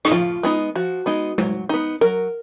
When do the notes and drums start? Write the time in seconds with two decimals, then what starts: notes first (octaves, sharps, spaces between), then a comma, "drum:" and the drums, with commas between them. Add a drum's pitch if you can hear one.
0.05 D#4, drum: rim click
0.12 F3 F4
0.43 G#3 B3 D#4
0.76 F3 F#4
1.06 G#3 B3 D#4
1.38 F#3, drum: tom G#3
1.69 B3 D#4
2.01 F#3 A#4